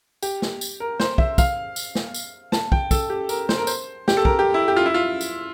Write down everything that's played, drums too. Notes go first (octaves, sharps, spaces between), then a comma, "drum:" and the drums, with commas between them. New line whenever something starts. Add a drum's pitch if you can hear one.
G4, drum: tambourine
drum: snare
drum: tambourine
A#4
C5, drum: snare
E5, drum: kick
F5, drum: kick, tambourine
drum: tambourine
drum: snare
drum: tambourine
A5, drum: snare
G5, drum: kick
A4, drum: kick, tambourine
G4
A#4, drum: tambourine
C5, drum: snare
A#4
C5, drum: tambourine
G4, drum: snare
A4
A#4, drum: kick
G4
E4
G4
F4
E4
F4
drum: tambourine